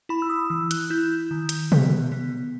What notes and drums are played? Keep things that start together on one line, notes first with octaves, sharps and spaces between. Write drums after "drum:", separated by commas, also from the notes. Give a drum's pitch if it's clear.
E4 B5
E6
D#6
E3 E6
F#6, drum: hi-hat
E4 G6
D#3
drum: hi-hat
B3, drum: tom
B3